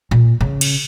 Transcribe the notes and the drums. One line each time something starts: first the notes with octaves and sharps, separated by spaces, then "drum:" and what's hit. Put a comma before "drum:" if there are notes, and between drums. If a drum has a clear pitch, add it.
A#2
C#3
drum: cymbal